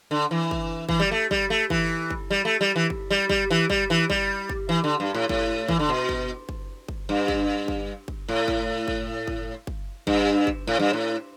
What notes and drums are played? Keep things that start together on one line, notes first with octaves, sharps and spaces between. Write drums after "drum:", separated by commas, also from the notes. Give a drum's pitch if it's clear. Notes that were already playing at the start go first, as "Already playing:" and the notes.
D3
E3
drum: kick
E3, drum: kick
G3
A3
G3, drum: kick
A3
E3, drum: kick
drum: kick
G3
A3
G3
E3
drum: kick
G3
G3, drum: kick
E3
G3, drum: kick
E3
G3, drum: kick
drum: kick
E3
D3
G2
A2
A2, drum: kick
E3, drum: kick
D3
B2
drum: kick
drum: kick
drum: kick
G2
drum: kick
drum: kick
drum: kick
A2
drum: kick
drum: kick
drum: kick
drum: kick
G2, drum: kick
drum: kick
A2
G2
A2